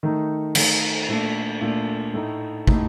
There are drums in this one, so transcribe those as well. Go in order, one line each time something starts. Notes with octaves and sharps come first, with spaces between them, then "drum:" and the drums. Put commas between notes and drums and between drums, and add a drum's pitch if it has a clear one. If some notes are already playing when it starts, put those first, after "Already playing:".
D#3 A3 D#4
D#3 A3 D#4, drum: cymbal
A#2 A3 D4
A#2 A3 D4
A2 A3 D#4
A2 A3 D#4, drum: kick